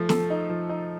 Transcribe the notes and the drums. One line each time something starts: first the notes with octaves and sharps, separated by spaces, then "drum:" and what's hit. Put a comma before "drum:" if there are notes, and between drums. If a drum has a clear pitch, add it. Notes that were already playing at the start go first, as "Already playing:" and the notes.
Already playing: F3 A3
A4, drum: snare
D#4
F3
D#4